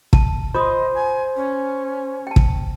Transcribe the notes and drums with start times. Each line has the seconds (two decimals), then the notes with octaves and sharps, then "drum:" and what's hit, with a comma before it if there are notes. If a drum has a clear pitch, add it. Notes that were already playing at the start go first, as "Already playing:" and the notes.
0.13 A5, drum: kick
0.54 F4 C5 D#5 C6 D#6
0.94 G#5
1.36 C#4
2.27 G5 A5
2.36 drum: kick